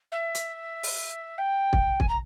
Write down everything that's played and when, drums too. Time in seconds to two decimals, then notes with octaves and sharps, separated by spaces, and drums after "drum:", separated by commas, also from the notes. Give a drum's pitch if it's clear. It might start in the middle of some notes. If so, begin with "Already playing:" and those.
0.11 E5
0.35 drum: hi-hat
0.83 drum: open hi-hat
1.38 G5
1.73 drum: kick
2.00 G#5, drum: kick
2.08 A#5